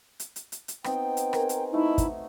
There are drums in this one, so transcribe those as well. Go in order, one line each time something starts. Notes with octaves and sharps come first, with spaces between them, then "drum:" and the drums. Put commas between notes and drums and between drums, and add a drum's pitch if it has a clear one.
drum: hi-hat
drum: hi-hat
drum: hi-hat
drum: hi-hat
B3 C4 D#4 G5, drum: rim click
drum: hi-hat
G#4 A#4 C#5 A#5, drum: rim click
drum: hi-hat
A3 D#4 E4 F#4
drum: kick, hi-hat